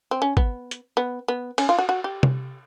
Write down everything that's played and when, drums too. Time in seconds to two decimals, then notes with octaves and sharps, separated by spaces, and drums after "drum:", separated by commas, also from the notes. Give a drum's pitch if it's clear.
0.11 C4
0.22 C#4
0.37 B3, drum: kick
0.71 drum: hi-hat
0.97 B3
1.28 B3
1.58 C#4, drum: cymbal
1.69 F4
1.79 F#4
1.89 F#4
2.04 G4
2.23 drum: tom